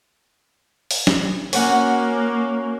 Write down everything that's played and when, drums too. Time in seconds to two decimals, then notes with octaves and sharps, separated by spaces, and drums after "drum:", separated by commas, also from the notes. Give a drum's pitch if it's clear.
0.91 drum: open hi-hat
1.07 drum: snare
1.53 A#3 C#4 F#4, drum: open hi-hat